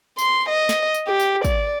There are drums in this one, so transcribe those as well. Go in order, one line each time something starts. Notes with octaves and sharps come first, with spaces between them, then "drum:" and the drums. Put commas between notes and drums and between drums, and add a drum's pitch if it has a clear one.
C6, drum: tambourine
D#5
drum: snare
drum: tambourine
G4
drum: tambourine
D5, drum: kick, tambourine